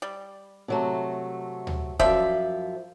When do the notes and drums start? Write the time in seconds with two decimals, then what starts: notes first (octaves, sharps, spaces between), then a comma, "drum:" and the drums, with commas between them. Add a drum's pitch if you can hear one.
0.02 G3
0.68 C3 F#3 A3
1.67 drum: tom D2
1.99 F#2 F3 G3 C5 E5, drum: kick